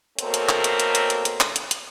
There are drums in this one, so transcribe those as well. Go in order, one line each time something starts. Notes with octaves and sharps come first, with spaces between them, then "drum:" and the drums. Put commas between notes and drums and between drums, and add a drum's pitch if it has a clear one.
B2 A3 A#3 C4 A#4 C#5, drum: hi-hat
drum: hi-hat
drum: clap
drum: hi-hat
drum: hi-hat
drum: hi-hat
drum: hi-hat
drum: hi-hat
drum: clap
drum: hi-hat
drum: hi-hat